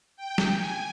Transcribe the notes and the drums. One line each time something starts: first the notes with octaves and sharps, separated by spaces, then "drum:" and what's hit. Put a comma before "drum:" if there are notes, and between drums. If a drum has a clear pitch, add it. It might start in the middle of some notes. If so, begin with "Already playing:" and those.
G5
drum: snare
G#5